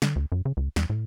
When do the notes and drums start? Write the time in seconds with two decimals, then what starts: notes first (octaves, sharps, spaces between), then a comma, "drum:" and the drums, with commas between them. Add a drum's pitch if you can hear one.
0.02 D3, drum: snare
0.16 D2
0.32 F#2
0.45 C#3
0.57 C#2
0.76 E2, drum: snare
0.90 A2